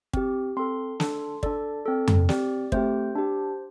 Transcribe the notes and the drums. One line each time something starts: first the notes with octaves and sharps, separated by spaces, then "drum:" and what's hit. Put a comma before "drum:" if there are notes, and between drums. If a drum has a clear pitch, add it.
C4 G4, drum: kick
C4 A4 C6
D4 A4, drum: snare
D4 A4 D5, drum: kick
C4 A4
drum: tom F2
C4 G4 D5, drum: snare
A3 C4 G4 C5, drum: kick
D4 G4